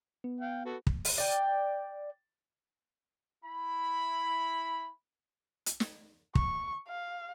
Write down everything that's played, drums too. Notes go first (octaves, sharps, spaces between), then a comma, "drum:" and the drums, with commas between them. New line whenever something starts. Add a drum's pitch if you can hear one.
B3
F5 G5
F#4 A4 B4
drum: kick
drum: open hi-hat
D5 G5
E4 B5
drum: hi-hat
drum: snare
C#6, drum: kick
F5